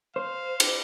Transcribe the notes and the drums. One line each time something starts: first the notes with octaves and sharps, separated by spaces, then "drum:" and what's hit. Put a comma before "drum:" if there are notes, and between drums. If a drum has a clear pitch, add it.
C5 F5
drum: cymbal